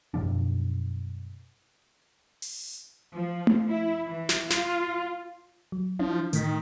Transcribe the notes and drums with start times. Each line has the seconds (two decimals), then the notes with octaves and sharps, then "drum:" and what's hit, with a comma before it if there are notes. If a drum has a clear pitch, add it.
0.14 F#2 B2 F3 D4
2.42 drum: open hi-hat
3.15 F3
3.47 drum: tom A3
3.69 E4
4.08 E3
4.29 drum: snare
4.50 F4, drum: snare
5.72 F#3
5.99 F3 C#4 D4 E4
6.33 A2 D#3 A3 B6, drum: hi-hat